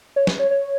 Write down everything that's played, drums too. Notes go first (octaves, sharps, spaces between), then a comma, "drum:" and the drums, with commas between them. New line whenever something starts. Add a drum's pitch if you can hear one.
C#5
B4, drum: snare
C#5
C#5